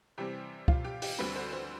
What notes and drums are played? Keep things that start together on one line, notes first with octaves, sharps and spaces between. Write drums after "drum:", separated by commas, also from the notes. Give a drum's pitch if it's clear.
C3 E3 G3 C4 G4
F4, drum: kick
G4
G4, drum: open hi-hat
D2 D3 G3 C4 B4
C5
C5